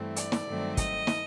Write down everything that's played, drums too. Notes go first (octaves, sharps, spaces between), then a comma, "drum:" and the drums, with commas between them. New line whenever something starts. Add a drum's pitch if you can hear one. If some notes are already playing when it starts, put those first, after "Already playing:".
Already playing: G2 E3 A3 C4
D5, drum: hi-hat
drum: snare
G2 D#3 F#3 A3 C4
D#5, drum: kick, hi-hat
drum: snare